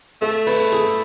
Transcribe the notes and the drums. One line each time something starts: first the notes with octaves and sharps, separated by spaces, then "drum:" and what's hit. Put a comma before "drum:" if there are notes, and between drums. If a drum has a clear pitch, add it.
A3 A4
B4, drum: open hi-hat
A4
G#4, drum: hi-hat